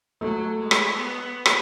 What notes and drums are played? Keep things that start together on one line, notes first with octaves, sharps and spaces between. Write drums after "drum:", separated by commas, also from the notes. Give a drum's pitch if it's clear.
F#3 A3
G#3
drum: rim click
B3
drum: rim click